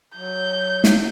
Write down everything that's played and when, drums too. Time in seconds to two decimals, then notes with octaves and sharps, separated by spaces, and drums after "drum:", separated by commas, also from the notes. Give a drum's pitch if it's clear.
0.17 F#3 G6
0.84 drum: snare